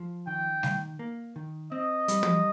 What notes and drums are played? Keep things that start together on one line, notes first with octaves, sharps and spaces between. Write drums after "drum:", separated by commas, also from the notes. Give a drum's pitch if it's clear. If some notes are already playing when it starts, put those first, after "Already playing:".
Already playing: F3
D#3 G5
D#3, drum: snare G3
A#3
D#3
C4 D#5
G3, drum: hi-hat
drum: tom